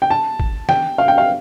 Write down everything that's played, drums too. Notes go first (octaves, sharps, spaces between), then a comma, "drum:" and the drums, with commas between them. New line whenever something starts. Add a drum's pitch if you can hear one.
G5
A5
drum: kick G#1
G5, drum: snare
F5
G5
F5